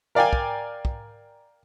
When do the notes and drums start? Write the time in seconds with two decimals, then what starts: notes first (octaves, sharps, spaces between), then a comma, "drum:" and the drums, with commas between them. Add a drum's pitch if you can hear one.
0.15 A#4 D5 F5 G5 G#5
0.33 drum: kick
0.85 drum: kick